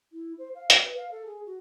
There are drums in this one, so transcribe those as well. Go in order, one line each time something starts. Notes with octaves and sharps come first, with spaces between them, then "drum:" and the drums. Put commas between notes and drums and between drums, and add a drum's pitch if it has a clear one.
E4
C5
F5
F#4, drum: hi-hat
B4
F5
A4
G#4
F#4